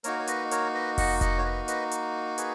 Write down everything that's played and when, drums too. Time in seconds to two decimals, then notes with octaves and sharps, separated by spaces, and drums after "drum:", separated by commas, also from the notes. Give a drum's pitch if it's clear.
0.04 A#3 D#4 F#4 A#4 C#5, drum: hi-hat
0.19 C#5
0.27 B4 D#5, drum: hi-hat
0.51 A#4 C#5, drum: hi-hat
0.74 B4 D#5
0.98 D#5 F#5, drum: kick F1, open hi-hat
1.21 D#5 F#5, drum: kick F1, hi-hat
1.38 C#5
1.44 B4 D#5
1.68 B4 D#5, drum: hi-hat
1.91 drum: hi-hat
2.38 G#4 B4, drum: hi-hat